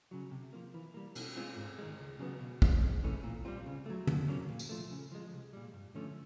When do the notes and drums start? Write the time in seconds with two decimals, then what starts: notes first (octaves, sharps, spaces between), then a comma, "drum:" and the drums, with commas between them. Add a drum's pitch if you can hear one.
0.11 C#3 F#3
0.31 C3
0.53 F3 A#3
0.74 E3
0.94 G3 A#3
1.15 B2, drum: cymbal
1.36 G#3 C4 F4
1.57 G#2
1.78 D#3 G#3
1.99 C#2
2.19 C#3 F#3 B3
2.41 B2
2.62 G#3 C4, drum: kick
2.82 F2
3.03 C3 E3 A3 C#4
3.23 A#2
3.45 G3 C4 F4
3.66 C#3
3.86 F#3 A3
4.07 F#2, drum: tom
4.28 C#3 F#3 A#3 C#4
4.49 A#2
4.59 drum: tambourine
4.69 F3 A3
4.91 C#3
5.12 F3 G#3
5.32 C2
5.53 A#2 G3
5.74 G2
5.95 D3 F3 A3 C#4